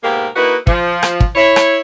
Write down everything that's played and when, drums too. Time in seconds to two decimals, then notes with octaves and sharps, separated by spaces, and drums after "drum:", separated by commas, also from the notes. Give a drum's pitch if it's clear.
0.03 G#2 B2 G#3 A#3 G4 A#4
0.36 A#3 D#4 E4 F#4 B4
0.67 F3, drum: kick
1.03 drum: rim click
1.20 drum: kick
1.36 E4 C#5
1.56 drum: rim click